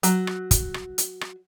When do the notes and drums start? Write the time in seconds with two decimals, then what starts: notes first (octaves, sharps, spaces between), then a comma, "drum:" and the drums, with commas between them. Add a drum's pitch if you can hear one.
0.03 F#3, drum: hi-hat
0.27 drum: rim click
0.51 drum: kick, hi-hat
0.74 drum: rim click
0.98 drum: hi-hat
1.21 drum: rim click